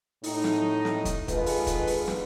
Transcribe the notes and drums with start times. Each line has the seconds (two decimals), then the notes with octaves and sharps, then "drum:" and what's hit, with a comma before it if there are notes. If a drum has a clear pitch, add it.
0.23 A2 D#4, drum: open hi-hat
0.44 drum: snare
0.85 drum: snare
1.05 drum: kick, hi-hat
1.28 D3 D#3 G#3 F4 B4, drum: kick, hi-hat
1.46 drum: open hi-hat
1.67 drum: kick, hi-hat
1.87 drum: open hi-hat
2.08 drum: snare